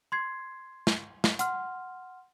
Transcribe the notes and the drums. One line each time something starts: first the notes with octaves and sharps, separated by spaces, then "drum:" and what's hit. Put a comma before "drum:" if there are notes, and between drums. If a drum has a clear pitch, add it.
C6 G#6 C7
drum: snare
drum: snare
F#5 C6 F6, drum: hi-hat